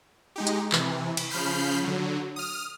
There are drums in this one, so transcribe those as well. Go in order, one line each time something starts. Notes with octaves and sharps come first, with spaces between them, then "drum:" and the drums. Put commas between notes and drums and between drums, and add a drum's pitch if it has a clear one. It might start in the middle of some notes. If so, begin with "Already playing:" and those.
G#3 D#4 G4
drum: hi-hat
C3 E3, drum: clap
drum: cymbal
C#3 F3 B5 F6 G6 C7
D3 F#3
D#6 F6